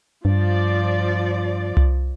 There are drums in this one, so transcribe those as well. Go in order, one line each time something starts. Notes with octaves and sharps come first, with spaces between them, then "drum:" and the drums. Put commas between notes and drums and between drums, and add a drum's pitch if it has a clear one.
G2 F3 D5
drum: tom C2